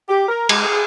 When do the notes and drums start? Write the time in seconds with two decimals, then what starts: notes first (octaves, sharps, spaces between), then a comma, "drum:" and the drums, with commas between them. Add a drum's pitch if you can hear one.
0.09 G4
0.29 A#4
0.49 G#3, drum: cymbal
0.65 G#4